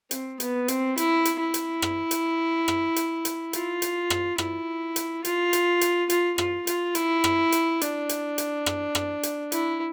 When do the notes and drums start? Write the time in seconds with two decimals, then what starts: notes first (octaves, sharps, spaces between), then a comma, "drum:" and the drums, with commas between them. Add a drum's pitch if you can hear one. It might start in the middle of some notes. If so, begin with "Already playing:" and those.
0.11 C4, drum: hi-hat
0.40 B3, drum: hi-hat
0.68 C4, drum: hi-hat
0.97 E4, drum: hi-hat
1.25 drum: hi-hat
1.39 E4
1.54 drum: hi-hat
1.82 drum: rim click
2.11 drum: hi-hat
2.68 drum: rim click
2.96 drum: hi-hat
3.25 drum: hi-hat
3.53 F4, drum: hi-hat
3.82 drum: hi-hat
4.10 drum: rim click
4.38 E4, drum: rim click
4.96 drum: hi-hat
5.25 F4, drum: hi-hat
5.53 drum: hi-hat
5.81 drum: hi-hat
6.10 F4, drum: hi-hat
6.38 F4, drum: rim click
6.67 F4, drum: hi-hat
6.95 E4, drum: hi-hat
7.24 drum: rim click
7.52 drum: hi-hat
7.81 D4, drum: hi-hat
8.09 drum: hi-hat
8.38 drum: hi-hat
8.66 drum: rim click
8.95 drum: rim click
9.23 drum: hi-hat
9.52 E4, drum: hi-hat